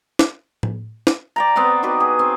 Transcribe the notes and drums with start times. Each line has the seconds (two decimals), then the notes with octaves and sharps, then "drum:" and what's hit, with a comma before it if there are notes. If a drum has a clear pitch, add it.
0.19 drum: snare
0.63 drum: tom A2
1.07 drum: snare
1.36 D5 G5 A#5
1.56 B3 C4 F#5 G5
1.83 D#4 F#4 G4 B4
2.00 G#4
2.19 C4